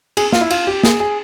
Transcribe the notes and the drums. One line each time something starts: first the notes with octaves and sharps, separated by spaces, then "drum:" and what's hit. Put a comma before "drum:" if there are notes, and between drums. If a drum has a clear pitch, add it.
G#4, drum: cymbal
F4, drum: snare
E4
F4, drum: cymbal
G4
G#4, drum: snare
G#4